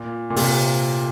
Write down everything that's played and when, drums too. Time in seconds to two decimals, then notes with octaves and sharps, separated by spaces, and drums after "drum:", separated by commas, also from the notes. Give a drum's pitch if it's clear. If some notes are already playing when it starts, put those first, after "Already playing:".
Already playing: A#2
0.30 A#2
0.36 C3, drum: open hi-hat